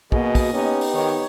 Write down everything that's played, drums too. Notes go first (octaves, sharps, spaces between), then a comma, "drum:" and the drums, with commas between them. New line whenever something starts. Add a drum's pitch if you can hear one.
B2 A#3 F#4 G#4 D#5, drum: kick
drum: kick, open hi-hat
B3 C#4 D#4 G4
drum: open hi-hat
D#3 C#5